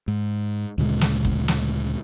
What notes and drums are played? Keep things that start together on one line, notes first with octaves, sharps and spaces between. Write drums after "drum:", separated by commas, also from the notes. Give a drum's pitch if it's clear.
G#2
D2 A#2 C#3 G#3
drum: snare
drum: kick
drum: snare